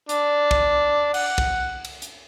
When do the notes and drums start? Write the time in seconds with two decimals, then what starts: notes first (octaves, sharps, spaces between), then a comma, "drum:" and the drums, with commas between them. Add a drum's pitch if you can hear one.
0.09 D4, drum: hi-hat
0.51 drum: kick
1.14 F#5, drum: cymbal
1.38 drum: kick
1.85 drum: cymbal
2.02 drum: hi-hat